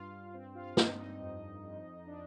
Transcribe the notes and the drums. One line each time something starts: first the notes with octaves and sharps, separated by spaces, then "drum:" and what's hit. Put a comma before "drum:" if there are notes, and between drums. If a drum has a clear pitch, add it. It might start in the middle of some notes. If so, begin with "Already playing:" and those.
Already playing: G2 F4 F5
C4
F4 F5
G2 D#4 D#5, drum: snare
D#4 D#5
F2
F2
D4